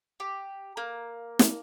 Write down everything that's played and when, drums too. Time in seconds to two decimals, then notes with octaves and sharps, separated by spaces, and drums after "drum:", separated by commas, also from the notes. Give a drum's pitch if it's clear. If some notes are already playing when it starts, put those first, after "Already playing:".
0.20 G4
0.77 A#3
1.39 drum: snare